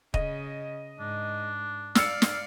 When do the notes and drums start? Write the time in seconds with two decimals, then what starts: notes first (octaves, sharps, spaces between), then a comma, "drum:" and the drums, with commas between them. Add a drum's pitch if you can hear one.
0.14 C#3 D#5, drum: kick D#1
0.99 G#2 D4
1.95 D5 F5 E6 F6 C#7, drum: snare
2.22 drum: snare